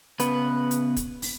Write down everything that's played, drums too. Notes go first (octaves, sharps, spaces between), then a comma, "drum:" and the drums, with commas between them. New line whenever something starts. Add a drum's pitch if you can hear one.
C#3 B3 B4, drum: hi-hat
drum: hi-hat
drum: kick, hi-hat
drum: open hi-hat